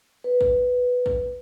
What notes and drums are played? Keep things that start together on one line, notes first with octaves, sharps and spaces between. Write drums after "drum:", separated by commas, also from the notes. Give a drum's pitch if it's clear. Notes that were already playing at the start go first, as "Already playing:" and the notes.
B4
drum: kick
drum: kick